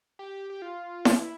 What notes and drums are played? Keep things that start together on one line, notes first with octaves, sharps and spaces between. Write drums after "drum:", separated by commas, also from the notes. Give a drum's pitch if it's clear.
G4
G4
F4
E4, drum: snare E4